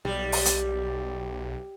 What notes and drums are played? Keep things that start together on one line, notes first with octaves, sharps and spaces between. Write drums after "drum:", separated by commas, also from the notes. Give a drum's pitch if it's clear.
B1 G3
drum: open hi-hat
drum: hi-hat